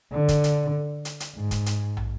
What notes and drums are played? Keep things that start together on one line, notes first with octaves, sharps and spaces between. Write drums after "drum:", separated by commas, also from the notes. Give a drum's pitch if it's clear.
D3
drum: kick, hi-hat
drum: hi-hat
drum: hi-hat
drum: hi-hat
G#2
drum: kick, hi-hat
drum: hi-hat
drum: tom